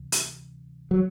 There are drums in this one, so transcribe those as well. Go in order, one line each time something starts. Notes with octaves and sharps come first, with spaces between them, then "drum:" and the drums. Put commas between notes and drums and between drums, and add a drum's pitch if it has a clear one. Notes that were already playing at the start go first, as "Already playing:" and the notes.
Already playing: D2 C3 E3
drum: hi-hat
F#3